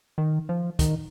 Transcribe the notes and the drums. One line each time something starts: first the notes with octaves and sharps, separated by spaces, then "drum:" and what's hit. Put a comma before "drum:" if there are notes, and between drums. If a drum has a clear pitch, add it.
D#3
F3
D#3, drum: kick, hi-hat